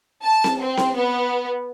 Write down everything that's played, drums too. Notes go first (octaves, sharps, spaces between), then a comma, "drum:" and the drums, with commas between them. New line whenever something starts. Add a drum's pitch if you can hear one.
A5
drum: snare C4
C4
drum: snare C4
B3